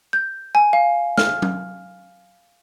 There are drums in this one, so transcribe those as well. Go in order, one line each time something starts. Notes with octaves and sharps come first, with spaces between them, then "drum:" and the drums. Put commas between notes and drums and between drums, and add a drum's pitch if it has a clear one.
G6
G#5
F5
F6, drum: snare
drum: tom F#3